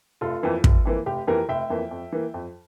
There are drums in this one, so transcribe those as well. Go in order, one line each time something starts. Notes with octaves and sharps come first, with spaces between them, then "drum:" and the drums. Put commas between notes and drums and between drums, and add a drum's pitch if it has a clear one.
F1 F4 A4
F2 E3 A#3
F1, drum: kick
F2 E3 A#3
F1 G4
F2 E3 A#3 G4 A#4
F1 E5 G5
F2 E3 A#3
F2
E3 A#3
F2